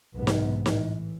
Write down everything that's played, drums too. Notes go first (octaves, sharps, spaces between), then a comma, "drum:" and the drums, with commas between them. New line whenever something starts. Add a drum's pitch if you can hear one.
F#1 B1 G#2 C3 E3 B3
drum: snare
A2 E3, drum: snare